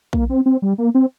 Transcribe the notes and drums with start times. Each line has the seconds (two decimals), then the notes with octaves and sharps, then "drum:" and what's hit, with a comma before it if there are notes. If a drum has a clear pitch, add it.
0.13 A#3, drum: kick A#1
0.29 C4
0.46 C4
0.62 G3
0.78 A#3
0.95 C4